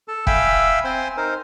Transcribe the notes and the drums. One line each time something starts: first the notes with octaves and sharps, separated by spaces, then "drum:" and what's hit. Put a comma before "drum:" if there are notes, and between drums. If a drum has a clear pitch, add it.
A4 A5
E5 F5 G5 G#5 B5 E6, drum: kick F1
C4 C5 G#5 C6
D#4 A#4 C5